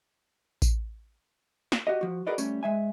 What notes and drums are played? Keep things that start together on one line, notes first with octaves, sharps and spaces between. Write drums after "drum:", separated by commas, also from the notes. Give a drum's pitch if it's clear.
drum: kick A1, tambourine
drum: snare
F#4 G4 D#5
F3 F#4
F#4 G#4 A#4 B4 D5 D#5
G3 A3 C#4, drum: tambourine
G#3 E5 G#5